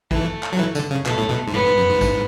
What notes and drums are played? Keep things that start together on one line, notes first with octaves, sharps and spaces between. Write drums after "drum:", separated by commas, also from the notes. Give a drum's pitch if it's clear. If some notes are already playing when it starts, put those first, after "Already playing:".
E3 A3, drum: kick
drum: clap
F#3
E3
D3, drum: tambourine
C#3
B2 A3, drum: clap
A2
B2
G#2
A2 B3
G#2
F#2
G#2
drum: kick, tambourine